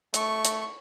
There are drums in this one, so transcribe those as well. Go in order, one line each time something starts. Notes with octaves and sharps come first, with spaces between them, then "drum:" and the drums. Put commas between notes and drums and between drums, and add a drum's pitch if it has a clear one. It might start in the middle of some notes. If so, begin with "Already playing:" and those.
A3 C#6, drum: hi-hat
drum: hi-hat